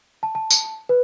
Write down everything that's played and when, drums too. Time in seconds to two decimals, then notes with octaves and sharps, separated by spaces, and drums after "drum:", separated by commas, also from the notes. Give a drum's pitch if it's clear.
0.23 A5
0.35 A5
0.51 drum: tambourine
0.89 B4